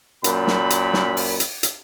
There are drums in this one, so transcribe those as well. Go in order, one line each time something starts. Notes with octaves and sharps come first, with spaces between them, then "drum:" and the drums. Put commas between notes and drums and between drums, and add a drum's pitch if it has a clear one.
F#2 A#2 B5, drum: hi-hat
drum: snare
drum: hi-hat
drum: snare
drum: open hi-hat
drum: hi-hat
drum: hi-hat